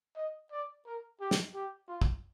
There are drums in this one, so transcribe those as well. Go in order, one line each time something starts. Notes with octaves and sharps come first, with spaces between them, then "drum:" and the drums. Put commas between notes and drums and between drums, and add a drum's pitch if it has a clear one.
D#5
D5
A#4
G4
drum: snare
G4
F4
drum: kick